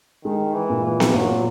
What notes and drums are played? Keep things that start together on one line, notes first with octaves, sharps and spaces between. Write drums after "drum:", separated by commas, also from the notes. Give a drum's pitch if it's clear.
D#3 G#3
E3
A#2
E3
drum: snare B3
A#2 F#3